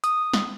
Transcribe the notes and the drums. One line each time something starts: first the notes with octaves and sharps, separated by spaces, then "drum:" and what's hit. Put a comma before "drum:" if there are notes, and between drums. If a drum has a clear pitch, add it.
D#6, drum: hi-hat
drum: snare